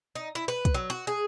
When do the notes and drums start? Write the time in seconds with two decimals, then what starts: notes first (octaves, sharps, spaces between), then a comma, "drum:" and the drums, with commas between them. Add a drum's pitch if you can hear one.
0.15 D#4
0.35 E4
0.48 B4
0.65 drum: kick, hi-hat
0.74 F#3
0.90 F#4
1.07 G#4